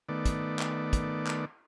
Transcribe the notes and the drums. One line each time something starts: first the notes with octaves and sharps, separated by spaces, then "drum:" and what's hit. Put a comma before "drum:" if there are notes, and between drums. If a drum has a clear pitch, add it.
D#3 A3 B3 D5
drum: kick, hi-hat
drum: clap
drum: kick, hi-hat
drum: clap